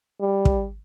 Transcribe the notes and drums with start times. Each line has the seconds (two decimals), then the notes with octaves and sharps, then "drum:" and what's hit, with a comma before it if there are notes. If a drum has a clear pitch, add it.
0.21 G3
0.45 drum: kick